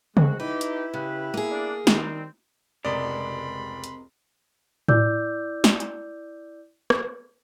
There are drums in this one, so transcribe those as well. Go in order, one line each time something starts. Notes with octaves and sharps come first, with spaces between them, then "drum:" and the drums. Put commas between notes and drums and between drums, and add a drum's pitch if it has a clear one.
G#3 C4 F#4, drum: tom C#3
D#4 E4 G4 B4
drum: hi-hat
C#3 G4 B4
A#3 G#4
D4
D#3 G3 C4, drum: snare
F1 C#2 C3 A#4 D5 D#5 B5 C6
drum: hi-hat
E4 D5 D6 E6 G6, drum: tom A2
drum: snare
drum: hi-hat
drum: rim click